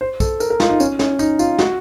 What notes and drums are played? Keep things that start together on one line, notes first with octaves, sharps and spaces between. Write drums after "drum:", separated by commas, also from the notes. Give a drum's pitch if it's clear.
C5
A4, drum: kick, tambourine
A#4, drum: tambourine
A#4
F4, drum: snare
D#4
C#4, drum: tambourine
C#4, drum: snare
D#4, drum: tambourine
F4, drum: tambourine
F#4, drum: snare